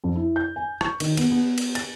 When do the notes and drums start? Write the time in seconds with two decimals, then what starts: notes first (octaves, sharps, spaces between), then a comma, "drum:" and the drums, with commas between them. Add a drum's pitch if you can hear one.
0.04 F2
0.16 E4
0.36 G6
0.56 G#5
0.81 C#6, drum: rim click
1.00 D#3, drum: cymbal
1.17 B3, drum: cymbal
1.31 B3
1.58 drum: cymbal
1.75 A6, drum: cymbal